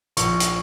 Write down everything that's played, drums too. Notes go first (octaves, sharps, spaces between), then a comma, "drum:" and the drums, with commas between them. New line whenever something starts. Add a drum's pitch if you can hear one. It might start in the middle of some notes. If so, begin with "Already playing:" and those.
A#1 C#6, drum: hi-hat
drum: hi-hat